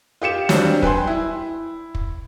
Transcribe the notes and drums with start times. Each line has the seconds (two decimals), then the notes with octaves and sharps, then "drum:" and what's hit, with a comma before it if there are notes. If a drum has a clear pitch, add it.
0.22 F4 G4 C#7 E7
0.49 F#3 G3 D4 C5, drum: snare
0.82 B4 G5 G#5 C6, drum: kick
1.07 E4
1.95 drum: kick